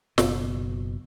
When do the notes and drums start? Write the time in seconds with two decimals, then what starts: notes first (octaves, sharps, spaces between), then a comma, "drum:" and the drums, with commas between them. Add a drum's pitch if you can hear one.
0.18 F#1 B2, drum: snare